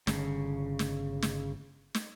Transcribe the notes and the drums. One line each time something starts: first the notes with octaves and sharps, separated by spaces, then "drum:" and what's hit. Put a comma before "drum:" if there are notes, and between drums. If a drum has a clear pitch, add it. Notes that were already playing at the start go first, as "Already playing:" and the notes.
G1 C#3, drum: snare
drum: snare
drum: snare
drum: snare